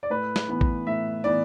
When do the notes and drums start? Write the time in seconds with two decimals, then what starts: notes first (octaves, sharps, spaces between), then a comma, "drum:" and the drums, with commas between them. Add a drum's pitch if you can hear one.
0.03 D5
0.10 A2 B4
0.36 drum: snare
0.48 E3 B3
0.61 drum: kick A1
0.86 A2 E5
1.24 E3 B3 D5